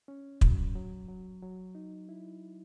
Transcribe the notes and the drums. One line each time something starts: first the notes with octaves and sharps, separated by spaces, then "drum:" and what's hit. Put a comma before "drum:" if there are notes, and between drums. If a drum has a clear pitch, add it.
C#4
F#3, drum: kick
F#3
F#3
F#3
D#4
E4